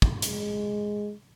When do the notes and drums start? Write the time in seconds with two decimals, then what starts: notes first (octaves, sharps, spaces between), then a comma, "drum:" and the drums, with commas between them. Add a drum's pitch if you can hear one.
0.02 drum: kick
0.22 G#3, drum: hi-hat